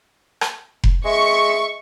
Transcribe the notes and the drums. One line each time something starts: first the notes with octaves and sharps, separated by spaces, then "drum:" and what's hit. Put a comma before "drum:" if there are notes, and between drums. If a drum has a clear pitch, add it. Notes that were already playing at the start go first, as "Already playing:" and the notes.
drum: rim click
drum: kick F1
G#3 E5 C#6